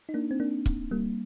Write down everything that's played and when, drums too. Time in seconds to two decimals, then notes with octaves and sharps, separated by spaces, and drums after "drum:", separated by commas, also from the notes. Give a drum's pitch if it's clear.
0.09 D#4
0.14 A#3 D4
0.31 C4
0.40 A#3 D4
0.66 drum: kick
0.91 G3 A#3